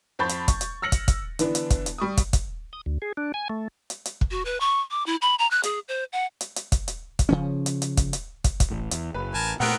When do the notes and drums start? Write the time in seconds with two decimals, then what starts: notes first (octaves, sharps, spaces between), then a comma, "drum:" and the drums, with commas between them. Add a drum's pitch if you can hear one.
0.19 F2 C5 B5 C#6 G6 A6
0.29 drum: hi-hat
0.48 C#6, drum: kick, hi-hat
0.61 drum: hi-hat
0.82 E6 F6 A#6 C#7 F#7
0.92 drum: kick, hi-hat
1.08 drum: kick, hi-hat
1.39 D3 E3 B3 D4, drum: hi-hat
1.55 drum: hi-hat
1.70 drum: kick, hi-hat
1.86 drum: hi-hat
1.98 G3 C#6 D#6
2.17 drum: kick, hi-hat
2.33 drum: kick, hi-hat
2.73 D#6
2.86 D2
3.02 G#4
3.17 D4
3.34 G#5
3.50 A3
3.90 drum: hi-hat
4.05 drum: hi-hat
4.21 drum: kick
4.31 F#4
4.45 B4
4.60 C#6
4.91 D6
5.06 E4
5.22 B5
5.39 A#5
5.51 F#6
5.63 G#4, drum: hi-hat
5.88 C5
6.13 F#5
6.41 drum: hi-hat
6.56 drum: hi-hat
6.72 drum: kick, hi-hat
6.88 drum: hi-hat
7.19 drum: kick, hi-hat
7.29 C#3 F3 C#4
7.66 drum: hi-hat
7.82 drum: hi-hat
7.97 drum: kick, hi-hat
8.13 drum: hi-hat
8.44 drum: kick, hi-hat
8.60 drum: kick, hi-hat
8.71 A1 A2
8.91 E2, drum: hi-hat
9.14 F#1 B4
9.34 A1 A#4 G#5 A5
9.60 A#2 A3 B3 C4 A#4 F#5 F#6 D7